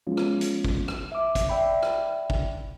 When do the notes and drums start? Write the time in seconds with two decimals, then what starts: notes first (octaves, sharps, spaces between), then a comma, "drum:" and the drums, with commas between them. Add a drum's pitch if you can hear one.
0.07 F3 G#3 B3 C#4 F4
0.17 drum: rim click
0.41 drum: hi-hat
0.65 drum: kick
0.88 drum: rim click
1.12 E5 D6
1.35 drum: kick, hi-hat
1.49 D5 E5 G5 B5
1.83 drum: rim click
2.30 drum: kick